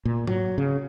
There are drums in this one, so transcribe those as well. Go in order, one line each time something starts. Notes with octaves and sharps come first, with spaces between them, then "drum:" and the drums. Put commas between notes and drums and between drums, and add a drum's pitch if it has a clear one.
A#2
F#3, drum: tom G#2
C#3